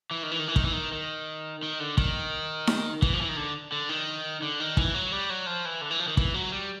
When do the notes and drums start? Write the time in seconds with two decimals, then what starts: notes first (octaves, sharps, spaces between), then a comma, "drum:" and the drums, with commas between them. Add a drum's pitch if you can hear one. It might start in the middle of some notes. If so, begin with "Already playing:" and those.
0.11 E3
0.23 D#3
0.31 E3
0.39 D#3
0.48 E3
0.56 D#3, drum: kick
0.65 E3
0.73 D#3
0.92 D#3
1.63 D#3
1.80 D3
1.97 D#3, drum: kick
2.67 drum: snare D#4
3.02 E3, drum: kick
3.13 F3
3.21 E3
3.29 D#3
3.37 D3
3.72 D3
3.89 D#3
4.42 D3
4.60 D#3
4.77 E3, drum: kick
4.94 F#3
5.12 G3
5.30 F#3
5.47 F3
5.65 E3
5.81 D3
5.90 E3
6.00 F3
6.08 D#3
6.17 E3, drum: kick
6.34 F#3
6.52 G3